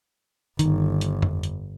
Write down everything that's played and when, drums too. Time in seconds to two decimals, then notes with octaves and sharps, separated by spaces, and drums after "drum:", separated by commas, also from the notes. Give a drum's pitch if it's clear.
0.59 G1 D#3, drum: hi-hat
1.01 drum: hi-hat
1.22 drum: tom F2
1.43 drum: hi-hat